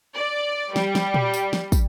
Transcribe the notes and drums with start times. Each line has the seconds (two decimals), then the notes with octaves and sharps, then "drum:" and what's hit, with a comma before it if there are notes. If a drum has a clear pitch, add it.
0.16 D5
0.76 G3, drum: snare
0.95 drum: snare
1.14 drum: tom A#2
1.34 drum: tambourine
1.53 drum: snare
1.72 drum: kick, tambourine